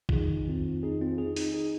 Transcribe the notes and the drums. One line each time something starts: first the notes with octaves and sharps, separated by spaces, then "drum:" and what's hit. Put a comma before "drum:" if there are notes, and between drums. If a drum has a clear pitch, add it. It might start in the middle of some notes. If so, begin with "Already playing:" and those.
F4, drum: kick A#1
F2 D#3 D#4 G#4
C4 F4
D#4 G#4
C4 F4
D#4 G#4
D#4 G#4, drum: open hi-hat
D#4 G#4